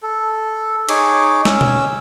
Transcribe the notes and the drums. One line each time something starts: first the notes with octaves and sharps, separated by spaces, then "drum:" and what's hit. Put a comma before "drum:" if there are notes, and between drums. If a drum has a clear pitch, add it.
A4
D#4 G#4 C#5 D6, drum: cymbal
C#4 E6, drum: snare
drum: tom B2